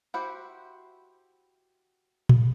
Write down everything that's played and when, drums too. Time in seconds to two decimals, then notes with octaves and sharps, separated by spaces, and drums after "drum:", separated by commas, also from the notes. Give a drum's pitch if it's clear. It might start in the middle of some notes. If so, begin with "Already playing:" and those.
0.14 E4 F#4 G4 C5 F#5
2.29 drum: tom A#2